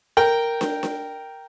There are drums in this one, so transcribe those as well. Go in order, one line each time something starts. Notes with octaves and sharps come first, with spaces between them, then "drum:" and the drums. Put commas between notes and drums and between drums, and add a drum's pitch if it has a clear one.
A#4 G5
drum: snare
drum: snare